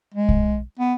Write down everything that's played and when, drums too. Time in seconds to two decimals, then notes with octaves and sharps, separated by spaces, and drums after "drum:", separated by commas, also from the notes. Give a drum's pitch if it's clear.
0.14 G#3
0.29 drum: kick B1
0.79 B3